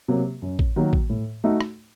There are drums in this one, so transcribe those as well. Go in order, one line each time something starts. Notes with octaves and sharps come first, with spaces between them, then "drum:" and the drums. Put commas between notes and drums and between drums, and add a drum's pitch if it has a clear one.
C3 F#3 A#3
F#2
drum: kick A1
D#3 F#3 A#3 F#4
drum: kick A1
A2
A3 D#4 F#4
drum: rim click